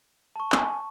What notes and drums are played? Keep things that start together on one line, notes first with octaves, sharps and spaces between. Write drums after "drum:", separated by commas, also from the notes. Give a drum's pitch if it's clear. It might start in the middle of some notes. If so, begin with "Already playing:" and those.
A5 C#6
G#5, drum: clap